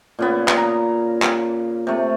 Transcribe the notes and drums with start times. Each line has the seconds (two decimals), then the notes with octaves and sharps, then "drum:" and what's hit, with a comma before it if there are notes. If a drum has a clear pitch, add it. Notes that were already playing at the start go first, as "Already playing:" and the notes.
0.19 A#2 C#3 B3
0.48 drum: clap
0.57 A#5
1.22 drum: clap
1.87 C3 A3